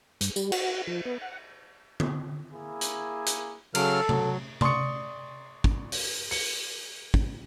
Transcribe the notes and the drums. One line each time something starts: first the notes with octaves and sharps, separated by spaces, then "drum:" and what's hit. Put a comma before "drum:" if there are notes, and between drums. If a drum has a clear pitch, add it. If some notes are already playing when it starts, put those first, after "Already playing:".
G2, drum: hi-hat
G3, drum: tambourine
F#4, drum: cymbal
F3
B3
F#5
drum: tom D3
A#3 E4 G#4
drum: hi-hat
drum: hi-hat
C#3 F#3 A4 F6, drum: cymbal
F#3, drum: tom C3
D5 C6 C#6 D#6 C#7, drum: tom C3
drum: kick
drum: open hi-hat
C#7, drum: open hi-hat
drum: kick